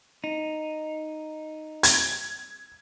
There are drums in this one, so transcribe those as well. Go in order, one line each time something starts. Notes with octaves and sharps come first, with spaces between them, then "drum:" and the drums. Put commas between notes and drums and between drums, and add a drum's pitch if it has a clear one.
D#4
G#6, drum: hi-hat